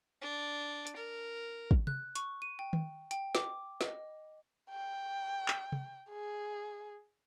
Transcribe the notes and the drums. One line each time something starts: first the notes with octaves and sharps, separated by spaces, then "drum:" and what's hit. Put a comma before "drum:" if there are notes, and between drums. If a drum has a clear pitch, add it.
D4
drum: hi-hat
A#4
drum: kick
F#6, drum: tom C3
C#6, drum: hi-hat
D#7
G5
drum: tom D#3
G5, drum: hi-hat
D6, drum: snare
D#5, drum: snare
G5
drum: clap
drum: tom C3
G#4